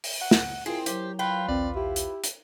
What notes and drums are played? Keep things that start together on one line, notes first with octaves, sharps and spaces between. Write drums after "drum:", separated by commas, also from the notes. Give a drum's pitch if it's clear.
drum: open hi-hat
F#5
drum: snare
C4 E4 F4 G#4 A#4
F#3 G4 C5, drum: hi-hat
F4 B4 G5
A#1 D#2 C4 D5
E4 G4
drum: hi-hat
drum: hi-hat